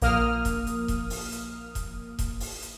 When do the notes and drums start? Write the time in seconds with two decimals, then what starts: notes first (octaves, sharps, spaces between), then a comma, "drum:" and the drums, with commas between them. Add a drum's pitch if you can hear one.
0.01 A#1 A#3 D#6 F6, drum: hi-hat
0.45 drum: kick E1, hi-hat
0.67 drum: hi-hat
0.88 drum: kick E1, hi-hat
1.10 drum: open hi-hat
1.32 drum: hi-hat
1.75 drum: kick E1, hi-hat
2.19 drum: kick E1, hi-hat
2.40 drum: open hi-hat
2.62 drum: hi-hat